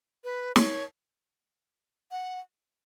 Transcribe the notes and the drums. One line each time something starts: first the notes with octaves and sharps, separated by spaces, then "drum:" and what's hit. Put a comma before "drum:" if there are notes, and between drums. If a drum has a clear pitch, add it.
B4
C#5, drum: snare
F#5